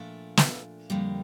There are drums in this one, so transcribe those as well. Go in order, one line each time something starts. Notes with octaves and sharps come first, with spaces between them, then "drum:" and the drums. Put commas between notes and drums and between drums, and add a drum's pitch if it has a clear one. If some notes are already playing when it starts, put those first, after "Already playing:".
Already playing: A#2 F3 A3 D4
drum: snare
F2 D3 G3 A#3